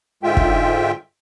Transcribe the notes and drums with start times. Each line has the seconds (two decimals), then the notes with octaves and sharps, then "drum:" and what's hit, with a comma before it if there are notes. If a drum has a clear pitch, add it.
0.23 G#2 D3 G#3 F4 E5 G5
0.37 drum: kick